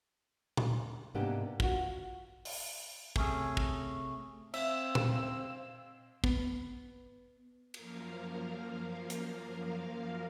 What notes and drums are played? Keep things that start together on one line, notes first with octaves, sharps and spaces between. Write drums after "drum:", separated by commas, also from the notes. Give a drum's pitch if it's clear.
drum: tom
G#2 C3 A#3 B3 D4 G4
F4 F#4, drum: kick
drum: open hi-hat
C3 A3 C#4 G#4, drum: kick
drum: kick
C4 E5 F5 E6, drum: cymbal
drum: tom
B3, drum: kick
F#2 F3 A#3 A#4 F5, drum: cymbal
drum: hi-hat